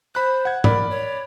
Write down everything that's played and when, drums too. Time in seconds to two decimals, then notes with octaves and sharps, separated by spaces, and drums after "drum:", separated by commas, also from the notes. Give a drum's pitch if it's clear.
0.15 C5 B5 F#6
0.45 F#5 G#6
0.64 A#4 D5 B5, drum: tom G#2
0.90 C#5